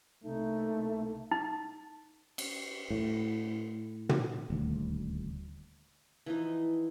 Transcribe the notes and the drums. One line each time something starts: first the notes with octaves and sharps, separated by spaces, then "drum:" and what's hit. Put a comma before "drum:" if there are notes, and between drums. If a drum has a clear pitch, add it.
C2 C3 A3 A#3 D#4
D#4
drum: cymbal
A2
drum: tom
D#1 D2
E3 F3 D#4